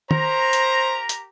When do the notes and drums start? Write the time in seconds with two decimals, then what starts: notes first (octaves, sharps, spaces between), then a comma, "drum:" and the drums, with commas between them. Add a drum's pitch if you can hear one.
0.11 G4 A#4 C5 A#5, drum: tom
0.53 drum: hi-hat
1.09 drum: hi-hat